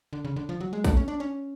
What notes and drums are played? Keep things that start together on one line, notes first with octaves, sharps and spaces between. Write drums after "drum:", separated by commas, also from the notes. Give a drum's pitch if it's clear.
D3
C#3
D3
F3
F#3
G#3
A3, drum: kick, hi-hat
C#4
D4
C#4